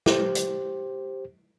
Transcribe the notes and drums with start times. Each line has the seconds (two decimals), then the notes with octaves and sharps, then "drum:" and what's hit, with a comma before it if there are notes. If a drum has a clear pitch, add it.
0.06 G4 C5, drum: snare
0.35 drum: hi-hat